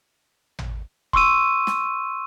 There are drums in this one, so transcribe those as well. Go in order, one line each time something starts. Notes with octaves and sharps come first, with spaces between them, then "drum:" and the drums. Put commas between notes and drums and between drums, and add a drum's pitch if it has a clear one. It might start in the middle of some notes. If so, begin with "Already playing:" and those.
drum: tom
C6 C#6 E6 D#7, drum: kick E1
drum: snare